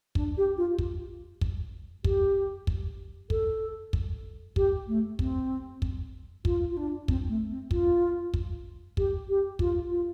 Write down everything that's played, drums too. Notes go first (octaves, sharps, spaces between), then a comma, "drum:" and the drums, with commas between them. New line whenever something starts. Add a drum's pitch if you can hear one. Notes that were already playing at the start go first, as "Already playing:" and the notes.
D4, drum: kick
G4
F4
drum: kick
drum: kick
G4, drum: kick
drum: kick
A4, drum: kick
drum: kick
G4, drum: kick
A3
C4, drum: kick
drum: kick
F4, drum: kick
F4
D4
C4, drum: kick
A3
C4
F4, drum: kick
drum: kick
G4, drum: kick
G4
F4, drum: kick
F4